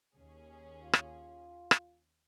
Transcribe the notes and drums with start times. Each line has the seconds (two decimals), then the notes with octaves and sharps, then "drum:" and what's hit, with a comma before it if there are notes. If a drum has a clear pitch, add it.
0.16 D#2 C#4 G#4
0.83 F4
0.93 drum: rim click
1.71 drum: rim click